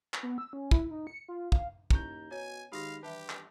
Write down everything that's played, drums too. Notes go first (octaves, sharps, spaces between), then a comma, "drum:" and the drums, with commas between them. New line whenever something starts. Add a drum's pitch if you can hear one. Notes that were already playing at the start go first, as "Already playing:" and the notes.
drum: clap
B3
E6
C#4
E4, drum: kick
D#4
C#7
F4
F5, drum: kick
D#2 C#4 E4 A#5 G6, drum: kick
B2 C#5 G#5
G#2 D#3 F#4 G4 F5 B5 A#6
G2 E3 G4 B4 E5 A5
drum: clap